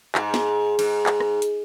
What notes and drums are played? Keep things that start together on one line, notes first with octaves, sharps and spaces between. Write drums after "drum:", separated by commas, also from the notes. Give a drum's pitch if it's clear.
G#2, drum: clap
drum: snare
G#2, drum: cymbal
drum: clap
drum: rim click
drum: hi-hat